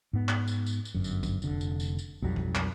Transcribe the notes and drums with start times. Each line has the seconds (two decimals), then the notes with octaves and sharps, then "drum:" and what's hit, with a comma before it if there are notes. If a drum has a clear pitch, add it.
0.13 G#2 B3
0.29 drum: clap
0.48 drum: tambourine
0.66 drum: tambourine
0.85 drum: tambourine
0.95 G1 F#2
1.04 drum: tambourine
1.23 drum: kick, tambourine
1.42 F1 D3, drum: tambourine
1.61 drum: tambourine
1.80 drum: tambourine
1.99 drum: tambourine
2.22 B1 F2 F#3 G3
2.36 drum: kick
2.55 drum: clap